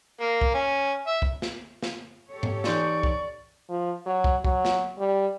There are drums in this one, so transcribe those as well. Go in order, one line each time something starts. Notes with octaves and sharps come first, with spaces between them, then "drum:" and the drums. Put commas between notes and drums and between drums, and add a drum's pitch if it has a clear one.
A#3
drum: kick
C#4
E5
drum: kick
drum: snare
drum: snare
G4 A4 C#5
drum: tom G#2
E3 D#4 D5 C6 C#6, drum: snare
drum: kick
F3
F#3
drum: kick
F#3, drum: kick
drum: snare
G3